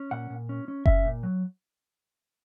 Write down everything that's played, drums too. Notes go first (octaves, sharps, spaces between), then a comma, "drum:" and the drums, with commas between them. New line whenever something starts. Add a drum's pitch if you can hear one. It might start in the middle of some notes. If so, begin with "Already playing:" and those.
Already playing: C#4
A#2 F#5
A#2
C#4
C#4
C#4 E5, drum: kick F#1
A#2
F#3